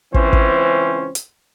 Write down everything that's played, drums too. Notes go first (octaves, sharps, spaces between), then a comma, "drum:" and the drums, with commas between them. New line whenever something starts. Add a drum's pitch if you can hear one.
C#2 E3 C4 C#4 C5, drum: kick
drum: kick
drum: hi-hat